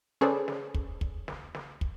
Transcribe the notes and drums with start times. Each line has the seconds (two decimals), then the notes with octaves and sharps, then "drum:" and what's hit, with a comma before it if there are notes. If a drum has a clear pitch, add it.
0.21 C#4 G#4 A4 B4 C5 D5, drum: snare
0.48 drum: snare
0.74 drum: kick
1.01 drum: kick
1.28 drum: snare
1.55 drum: snare
1.81 drum: kick